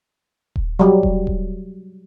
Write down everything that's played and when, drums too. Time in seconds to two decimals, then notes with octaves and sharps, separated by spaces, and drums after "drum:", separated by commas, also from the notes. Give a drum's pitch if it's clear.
0.56 drum: kick D#1
0.79 F#3 G3
1.03 drum: kick D#1
1.27 drum: kick D#1